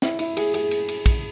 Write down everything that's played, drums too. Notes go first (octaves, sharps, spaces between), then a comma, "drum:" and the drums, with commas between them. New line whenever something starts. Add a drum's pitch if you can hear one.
E4, drum: snare
E4, drum: cymbal
G#4, drum: cymbal
G#4, drum: cymbal
drum: cymbal
drum: cymbal
drum: kick, cymbal